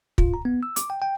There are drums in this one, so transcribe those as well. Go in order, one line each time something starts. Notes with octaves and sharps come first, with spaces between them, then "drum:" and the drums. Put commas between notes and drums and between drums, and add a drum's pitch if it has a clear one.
F4, drum: kick
A#5
B3
E6
D6, drum: hi-hat
G5
G5